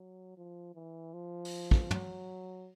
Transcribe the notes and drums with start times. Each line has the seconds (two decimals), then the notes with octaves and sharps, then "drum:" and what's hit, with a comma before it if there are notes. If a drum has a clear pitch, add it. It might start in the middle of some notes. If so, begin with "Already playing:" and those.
Already playing: F#3
0.37 F3
0.75 E3
1.13 F3
1.45 drum: open hi-hat
1.71 drum: kick
1.91 F#3, drum: tom